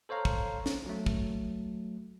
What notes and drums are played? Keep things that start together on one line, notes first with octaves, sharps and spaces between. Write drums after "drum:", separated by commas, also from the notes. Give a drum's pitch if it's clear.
A4 C5 C#5 F5 A#5
drum: kick
drum: snare
F#3 A3
drum: kick